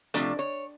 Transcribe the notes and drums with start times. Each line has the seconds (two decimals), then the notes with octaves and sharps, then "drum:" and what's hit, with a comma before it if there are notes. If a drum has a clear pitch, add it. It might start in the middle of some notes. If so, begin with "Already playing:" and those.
0.14 C3 F3 A3 D4 D5, drum: hi-hat
0.39 C#5